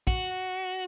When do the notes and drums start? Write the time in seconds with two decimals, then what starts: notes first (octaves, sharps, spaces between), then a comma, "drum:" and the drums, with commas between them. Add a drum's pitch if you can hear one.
0.07 F#4, drum: kick